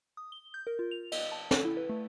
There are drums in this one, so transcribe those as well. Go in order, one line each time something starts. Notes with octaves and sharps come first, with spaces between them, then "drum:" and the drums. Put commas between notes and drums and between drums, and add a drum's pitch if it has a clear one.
D#6
G7
G6
A#4
F4
F7
D#5, drum: cymbal
A5
A4, drum: snare
E4
B4
A3